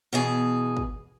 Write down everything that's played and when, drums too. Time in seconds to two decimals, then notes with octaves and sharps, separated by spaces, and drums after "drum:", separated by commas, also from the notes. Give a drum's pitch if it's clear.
0.13 B2 E3 G#4
0.77 drum: kick